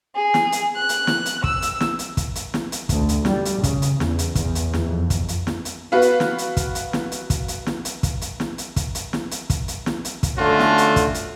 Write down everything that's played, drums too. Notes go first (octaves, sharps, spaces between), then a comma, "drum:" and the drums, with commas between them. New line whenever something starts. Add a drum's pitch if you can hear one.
G#4
drum: snare
drum: hi-hat
F#6
drum: hi-hat
drum: snare
drum: hi-hat
E6, drum: kick
drum: hi-hat
drum: snare
drum: hi-hat
drum: kick, hi-hat
drum: hi-hat
drum: snare
drum: hi-hat
D2, drum: kick, hi-hat
drum: hi-hat
G3, drum: snare
drum: hi-hat
C#3, drum: kick, hi-hat
drum: hi-hat
E2, drum: snare
drum: hi-hat
E2, drum: kick, hi-hat
drum: hi-hat
drum: snare
F2
drum: kick, hi-hat
drum: hi-hat
drum: snare
drum: hi-hat
B3 F#4 B4 F5
drum: hi-hat
drum: snare
drum: hi-hat
drum: kick, hi-hat
drum: hi-hat
drum: snare
drum: hi-hat
drum: kick, hi-hat
drum: hi-hat
drum: snare
drum: hi-hat
drum: kick, hi-hat
drum: hi-hat
drum: snare
drum: hi-hat
drum: kick, hi-hat
drum: hi-hat
drum: snare
drum: hi-hat
drum: kick, hi-hat
drum: hi-hat
drum: snare
drum: hi-hat
drum: kick, hi-hat
D3 A3 C#4 F4 F#4
drum: snare
drum: hi-hat
drum: kick, hi-hat
drum: hi-hat